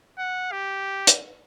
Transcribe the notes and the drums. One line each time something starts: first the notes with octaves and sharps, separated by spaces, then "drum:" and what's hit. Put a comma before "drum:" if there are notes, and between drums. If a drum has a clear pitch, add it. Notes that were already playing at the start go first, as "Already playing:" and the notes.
F#5
G4
drum: hi-hat